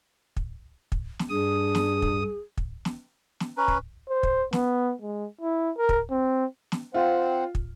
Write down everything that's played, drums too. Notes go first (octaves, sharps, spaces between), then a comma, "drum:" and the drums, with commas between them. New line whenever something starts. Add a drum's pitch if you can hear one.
drum: kick
drum: kick
drum: snare
G2 D4 G#4 D#6
drum: snare
drum: kick
drum: kick
drum: snare
drum: snare
C#4 B4 A#5
drum: kick
C5
drum: kick
B3, drum: snare
G#3
E4
A#4
drum: kick
C4
drum: snare
C4 F4 C5 F#5
drum: kick